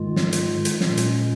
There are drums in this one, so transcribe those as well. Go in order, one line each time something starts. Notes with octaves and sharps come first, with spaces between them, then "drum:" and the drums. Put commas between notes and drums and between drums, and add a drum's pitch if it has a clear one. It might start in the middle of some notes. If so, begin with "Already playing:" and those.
Already playing: G#2 D#3 G#3 F4
drum: snare
drum: hi-hat
drum: hi-hat
A#2 G#3 C#4 F4, drum: snare
drum: hi-hat